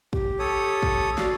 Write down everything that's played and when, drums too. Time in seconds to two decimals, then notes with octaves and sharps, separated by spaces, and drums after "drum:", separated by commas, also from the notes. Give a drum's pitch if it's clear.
0.13 G4, drum: kick
0.39 A4 C#5 D#6
0.83 drum: kick
1.18 F#4 D5 F5, drum: snare